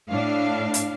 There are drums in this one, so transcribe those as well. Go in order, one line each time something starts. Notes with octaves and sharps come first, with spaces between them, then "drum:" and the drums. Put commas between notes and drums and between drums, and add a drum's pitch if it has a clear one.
A2 D4 F5
drum: hi-hat